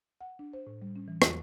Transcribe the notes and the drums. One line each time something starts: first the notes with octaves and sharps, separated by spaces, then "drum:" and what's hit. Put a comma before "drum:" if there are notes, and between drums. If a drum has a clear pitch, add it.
F#5
D4
C5
A2
G3
C#4
E3
E2, drum: rim click